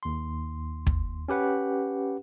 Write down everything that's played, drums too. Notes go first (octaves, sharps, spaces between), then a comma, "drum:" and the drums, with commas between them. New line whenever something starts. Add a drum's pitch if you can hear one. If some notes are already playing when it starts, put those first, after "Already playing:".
D#2 C6
drum: kick
C#4 G4 B4 F#5